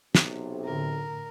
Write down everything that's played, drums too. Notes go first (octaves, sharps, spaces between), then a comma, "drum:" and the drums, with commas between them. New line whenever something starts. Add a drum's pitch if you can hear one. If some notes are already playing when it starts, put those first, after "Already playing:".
B1 C3, drum: snare
A2 D3 A#4